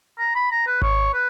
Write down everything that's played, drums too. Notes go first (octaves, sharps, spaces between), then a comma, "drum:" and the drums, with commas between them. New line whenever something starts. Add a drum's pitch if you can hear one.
A#5
B5
A#5
B4
C#5, drum: kick G#1
B4